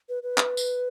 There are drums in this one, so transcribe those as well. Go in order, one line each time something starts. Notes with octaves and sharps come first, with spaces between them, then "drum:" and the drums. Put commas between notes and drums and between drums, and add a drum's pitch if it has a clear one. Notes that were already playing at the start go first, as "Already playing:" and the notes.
B4
B4
drum: clap
drum: tambourine